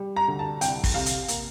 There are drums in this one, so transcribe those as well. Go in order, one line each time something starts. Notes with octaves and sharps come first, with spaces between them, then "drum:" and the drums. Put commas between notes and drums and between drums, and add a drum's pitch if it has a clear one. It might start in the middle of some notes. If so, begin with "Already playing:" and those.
Already playing: G3
A#5
D2
A5
C2 G5, drum: hi-hat
drum: kick, open hi-hat
C3 F5
drum: hi-hat
A#3, drum: hi-hat